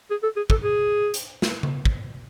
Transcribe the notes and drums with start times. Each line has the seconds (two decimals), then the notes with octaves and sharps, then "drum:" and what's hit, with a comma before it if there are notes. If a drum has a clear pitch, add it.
0.11 G#4
0.23 A4
0.36 G#4
0.50 A4, drum: kick
0.64 G#4
1.14 drum: hi-hat
1.42 drum: snare
1.63 drum: tom C#3
1.85 drum: kick